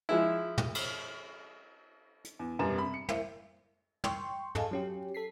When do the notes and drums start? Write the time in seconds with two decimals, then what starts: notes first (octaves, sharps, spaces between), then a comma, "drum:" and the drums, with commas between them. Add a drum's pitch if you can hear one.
0.09 F3 G#3 E4
0.58 drum: tom
0.75 drum: cymbal
2.24 drum: hi-hat
2.39 E2
2.59 E1 F#2 G3 B3 A#5 E7
2.78 C3 B5
2.94 C#7
3.09 A#3 E4 C5, drum: tom
4.04 G5 C6 C#6, drum: tom
4.55 G#4 A4 D#5 F5 G#5 A5, drum: tom
4.71 F#3 C#4 G4
5.14 A4 B6 C7